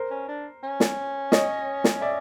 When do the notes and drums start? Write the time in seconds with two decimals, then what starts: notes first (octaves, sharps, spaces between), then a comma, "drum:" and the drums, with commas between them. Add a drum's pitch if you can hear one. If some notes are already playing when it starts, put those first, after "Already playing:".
Already playing: A#4 C5
0.11 C#4
0.29 D4
0.63 C#4
0.80 drum: snare
1.32 C#5 D#5, drum: snare
1.84 drum: snare
2.01 D5 E5